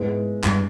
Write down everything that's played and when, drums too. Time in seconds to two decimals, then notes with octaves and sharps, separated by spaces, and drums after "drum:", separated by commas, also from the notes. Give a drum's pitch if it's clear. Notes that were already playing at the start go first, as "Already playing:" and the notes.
Already playing: G#2 G#3 B3 E4
0.44 G2, drum: clap